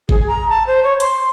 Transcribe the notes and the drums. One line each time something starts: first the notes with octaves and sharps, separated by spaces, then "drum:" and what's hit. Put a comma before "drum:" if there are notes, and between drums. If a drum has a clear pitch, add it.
G#4, drum: kick G#1
A#5
A5
C5
C#5
C6, drum: hi-hat